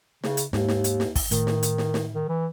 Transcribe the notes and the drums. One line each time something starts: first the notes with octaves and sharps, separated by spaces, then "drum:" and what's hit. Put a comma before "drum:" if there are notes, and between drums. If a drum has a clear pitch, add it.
C#3, drum: snare
drum: hi-hat
D#2 G#2, drum: snare
drum: snare
drum: hi-hat
drum: snare
drum: kick, open hi-hat
A2 D#3, drum: hi-hat
drum: snare
drum: hi-hat
drum: snare
drum: snare
D#3
E3